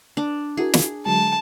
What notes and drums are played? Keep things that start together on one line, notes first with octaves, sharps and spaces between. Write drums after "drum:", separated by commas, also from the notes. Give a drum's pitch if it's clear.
D4
E4 F#4 G#4 A#4
drum: snare
D3 F#3 G#3 A5